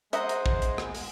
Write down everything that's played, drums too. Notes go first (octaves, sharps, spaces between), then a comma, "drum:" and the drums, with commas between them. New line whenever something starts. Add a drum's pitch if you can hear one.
G#3 C5 D#5 E5 F#5 A#5, drum: hi-hat
drum: hi-hat
drum: kick
drum: hi-hat
drum: rim click
drum: open hi-hat